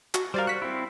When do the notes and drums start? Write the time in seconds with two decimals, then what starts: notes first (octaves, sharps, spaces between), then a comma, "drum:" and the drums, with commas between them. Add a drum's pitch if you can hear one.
0.14 F#4, drum: clap
0.34 G3 A#4 C5 D5 F5
0.47 F#4 F#6 B6
0.62 C4 E4